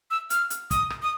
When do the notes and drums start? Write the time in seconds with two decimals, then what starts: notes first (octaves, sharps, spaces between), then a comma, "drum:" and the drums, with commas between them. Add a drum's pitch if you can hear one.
0.11 E6
0.30 F6, drum: hi-hat
0.50 drum: hi-hat
0.71 D#6, drum: kick, hi-hat
0.90 drum: rim click
1.03 D#6